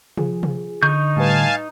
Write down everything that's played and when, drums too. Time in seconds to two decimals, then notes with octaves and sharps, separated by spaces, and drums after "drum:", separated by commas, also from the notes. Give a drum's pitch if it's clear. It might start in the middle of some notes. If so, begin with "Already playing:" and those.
0.18 F3 G#4, drum: tom C3
0.43 drum: tom C3
0.83 D3 D#4 C#6 G6
1.16 A2 G3 B4 F5 G#5 A5